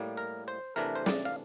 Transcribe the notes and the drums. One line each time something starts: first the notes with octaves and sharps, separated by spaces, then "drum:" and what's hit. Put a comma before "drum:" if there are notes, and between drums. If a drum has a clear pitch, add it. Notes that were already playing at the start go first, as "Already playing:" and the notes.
Already playing: A2 G3 A#3
A#4
C5
C3 E3 A3 D4 A#4
C5
D5, drum: snare
F5